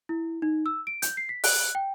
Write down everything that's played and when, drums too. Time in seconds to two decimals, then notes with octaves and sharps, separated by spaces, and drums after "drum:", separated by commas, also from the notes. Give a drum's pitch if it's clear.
0.09 E4
0.42 D#4
0.66 E6
0.87 D7
1.02 G6, drum: hi-hat
1.17 C7
1.29 B6
1.44 F#6, drum: open hi-hat
1.75 G5